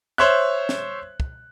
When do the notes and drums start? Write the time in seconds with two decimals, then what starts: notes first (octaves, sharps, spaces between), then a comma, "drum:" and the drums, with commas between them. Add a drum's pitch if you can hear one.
0.18 C5 C#5 E5 F#6
0.69 drum: snare
1.20 drum: kick